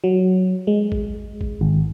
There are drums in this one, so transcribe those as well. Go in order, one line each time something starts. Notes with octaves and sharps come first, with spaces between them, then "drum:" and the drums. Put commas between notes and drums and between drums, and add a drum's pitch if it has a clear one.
F#3
G#3
drum: kick G#1
drum: kick G#1
G#1